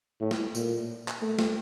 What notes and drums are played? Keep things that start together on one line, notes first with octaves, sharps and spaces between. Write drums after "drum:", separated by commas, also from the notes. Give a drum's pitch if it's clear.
A2
drum: snare
A#2, drum: tambourine
drum: clap
A3
drum: snare